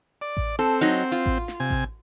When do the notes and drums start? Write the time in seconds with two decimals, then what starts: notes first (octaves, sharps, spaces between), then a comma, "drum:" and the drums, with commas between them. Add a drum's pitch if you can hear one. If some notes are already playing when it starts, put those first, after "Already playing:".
0.21 D5
0.37 drum: kick A1
0.59 C4 A4
0.81 F#3 D#4
1.12 F4
1.26 drum: kick A1
1.48 drum: snare
1.60 C3 G#5
1.70 drum: kick A1